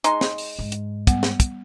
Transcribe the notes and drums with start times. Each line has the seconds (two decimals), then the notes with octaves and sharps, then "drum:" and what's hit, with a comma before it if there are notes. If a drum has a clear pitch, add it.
0.04 G#3 D#4 C6, drum: hi-hat
0.21 drum: snare
0.38 drum: open hi-hat
0.59 G#2
0.72 drum: hi-hat
1.07 G3 B3 F#5, drum: kick, hi-hat
1.23 drum: snare
1.40 drum: kick, hi-hat